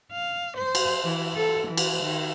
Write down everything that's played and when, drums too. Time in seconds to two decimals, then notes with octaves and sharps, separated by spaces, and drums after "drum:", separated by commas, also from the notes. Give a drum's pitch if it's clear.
0.12 F5
0.58 C5
0.75 drum: cymbal
1.04 E3
1.35 A4
1.68 E3
1.77 drum: cymbal
2.03 D#3